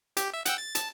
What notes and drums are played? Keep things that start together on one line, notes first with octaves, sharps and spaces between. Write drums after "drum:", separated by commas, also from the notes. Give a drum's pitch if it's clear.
G4, drum: hi-hat
E5
F#5 G5 E6, drum: hi-hat
A6
A5, drum: hi-hat